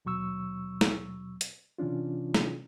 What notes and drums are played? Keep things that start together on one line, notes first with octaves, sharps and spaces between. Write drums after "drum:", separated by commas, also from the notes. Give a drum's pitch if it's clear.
D#2 B2 F#3 C#6 E6
drum: snare
drum: hi-hat
C3 E3 C#4 D4 F4
drum: snare